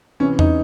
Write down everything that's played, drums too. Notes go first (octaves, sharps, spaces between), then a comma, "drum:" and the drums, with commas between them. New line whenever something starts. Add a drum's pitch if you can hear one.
C3 E3 C#4
D#4, drum: tom E2